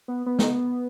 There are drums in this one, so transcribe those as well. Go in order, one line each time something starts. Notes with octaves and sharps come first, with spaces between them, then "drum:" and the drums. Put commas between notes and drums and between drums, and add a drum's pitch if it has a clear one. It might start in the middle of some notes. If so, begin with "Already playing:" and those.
B3
B3
drum: snare